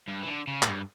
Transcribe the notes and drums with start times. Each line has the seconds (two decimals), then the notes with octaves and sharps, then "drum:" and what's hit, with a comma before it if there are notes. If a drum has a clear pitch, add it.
0.08 G2
0.23 E3
0.27 D3
0.48 C#3
0.63 A2, drum: clap
0.67 G2